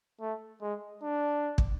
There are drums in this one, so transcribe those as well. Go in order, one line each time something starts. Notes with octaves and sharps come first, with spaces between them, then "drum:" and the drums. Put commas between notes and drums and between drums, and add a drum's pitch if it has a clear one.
A3
G#3
D4
drum: kick